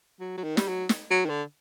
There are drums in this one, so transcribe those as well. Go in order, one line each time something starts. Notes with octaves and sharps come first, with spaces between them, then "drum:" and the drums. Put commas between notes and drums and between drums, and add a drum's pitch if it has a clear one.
F#3
F#3
D#3
G3, drum: snare
F#3
drum: snare
F#3
D#3
D3